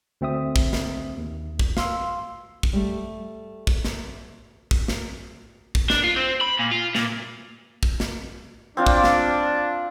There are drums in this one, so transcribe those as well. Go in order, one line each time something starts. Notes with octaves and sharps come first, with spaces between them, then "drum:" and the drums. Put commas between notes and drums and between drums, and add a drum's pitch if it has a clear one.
D2 C4 E5 D#6
drum: kick
drum: snare
D#2
drum: kick
F5 C6 E6, drum: snare
drum: kick
G3 A3
drum: kick
drum: snare
drum: kick
drum: snare
drum: kick
D4, drum: snare
F4
C4
B5
A#2
F4
A#2, drum: snare
drum: kick
drum: snare
C4 D4 F4 F5
drum: kick
drum: snare